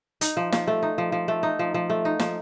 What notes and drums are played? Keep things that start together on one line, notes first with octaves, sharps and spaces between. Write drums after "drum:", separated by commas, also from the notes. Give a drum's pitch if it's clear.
D#4, drum: hi-hat
F3
F3, drum: snare
A3
D#4
F3
F3
A3
D#4
F3
F3
A3
D#4
F3, drum: snare